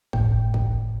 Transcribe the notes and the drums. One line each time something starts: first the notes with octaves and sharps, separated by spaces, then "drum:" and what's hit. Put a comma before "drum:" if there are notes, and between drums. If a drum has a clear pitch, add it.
G1 A2 G5, drum: kick
drum: kick